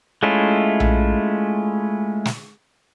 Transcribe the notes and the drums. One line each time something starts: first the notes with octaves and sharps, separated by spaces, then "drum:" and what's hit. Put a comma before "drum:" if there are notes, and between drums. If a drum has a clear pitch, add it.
G#3 A3 C#4 E4 F4
drum: tom A#1
drum: snare